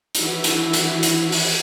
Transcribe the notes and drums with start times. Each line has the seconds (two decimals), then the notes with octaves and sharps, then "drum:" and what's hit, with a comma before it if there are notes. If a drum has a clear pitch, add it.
0.15 E3 E4 F#4 E5, drum: hi-hat
0.44 drum: hi-hat
0.73 drum: hi-hat
1.03 drum: hi-hat
1.32 drum: open hi-hat